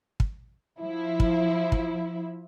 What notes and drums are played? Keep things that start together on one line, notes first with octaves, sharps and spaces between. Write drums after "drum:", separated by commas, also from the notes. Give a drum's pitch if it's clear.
drum: kick
F3 E4
drum: kick
drum: kick